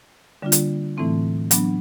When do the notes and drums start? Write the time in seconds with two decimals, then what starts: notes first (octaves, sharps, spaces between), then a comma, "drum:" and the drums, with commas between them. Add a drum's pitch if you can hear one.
0.42 D3 G3 A#3 D4 F4
0.52 drum: hi-hat
0.97 A2 E3 A3 C4 E4
1.51 F#3 B3 D4, drum: hi-hat